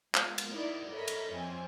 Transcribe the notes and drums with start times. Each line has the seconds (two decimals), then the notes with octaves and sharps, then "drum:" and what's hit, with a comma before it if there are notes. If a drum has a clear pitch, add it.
0.15 G#3 B3 F4 A#4, drum: clap
0.38 drum: cymbal
0.53 D#4 E4 A#4 D5
0.91 A4 A#4 C#5 D#5 E5 B5
1.08 drum: cymbal
1.34 F2 C4 G#5